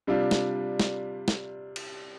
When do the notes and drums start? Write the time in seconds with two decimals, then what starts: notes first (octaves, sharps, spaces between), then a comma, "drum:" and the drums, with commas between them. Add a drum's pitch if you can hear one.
0.07 C3 G3 D4 F4
0.31 drum: snare
0.80 drum: snare
1.28 drum: snare
1.76 drum: cymbal